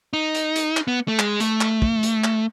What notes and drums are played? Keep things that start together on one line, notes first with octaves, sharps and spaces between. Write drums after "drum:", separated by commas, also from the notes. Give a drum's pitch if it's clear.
D#4
drum: hi-hat
drum: hi-hat
drum: clap
B3
A3
G#3, drum: clap
A3, drum: hi-hat
drum: clap
drum: kick
drum: hi-hat
drum: clap